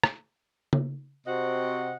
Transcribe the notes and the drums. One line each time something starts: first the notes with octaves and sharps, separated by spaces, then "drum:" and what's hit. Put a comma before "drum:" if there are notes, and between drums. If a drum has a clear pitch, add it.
drum: rim click
drum: tom C#3
C3 C4 F#4 D#5 F#5